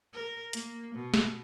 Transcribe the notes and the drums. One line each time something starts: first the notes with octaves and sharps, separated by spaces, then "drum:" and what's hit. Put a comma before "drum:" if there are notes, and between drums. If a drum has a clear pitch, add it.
A#4
A#3, drum: hi-hat
B2
drum: snare